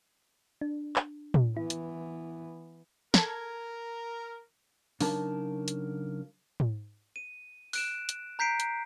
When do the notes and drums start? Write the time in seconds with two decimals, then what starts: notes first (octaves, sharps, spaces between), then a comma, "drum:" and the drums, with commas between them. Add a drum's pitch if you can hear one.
0.61 D4
0.96 drum: clap
1.34 drum: tom
1.57 E3 B3 E4
1.70 drum: hi-hat
3.14 A4 A#4 G#6, drum: snare
5.01 C#3 F#3 D4 D#4 A#4 A5, drum: open hi-hat
5.68 drum: hi-hat
6.60 drum: tom
7.16 D#7
7.73 F#6 D7 E7, drum: open hi-hat
8.09 drum: hi-hat
8.39 A#5 G6 B6 C7 D7
8.60 drum: hi-hat